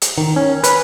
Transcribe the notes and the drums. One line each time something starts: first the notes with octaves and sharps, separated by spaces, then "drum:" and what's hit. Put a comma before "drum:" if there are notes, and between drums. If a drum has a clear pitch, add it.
drum: hi-hat
D#3
C#4
B4, drum: hi-hat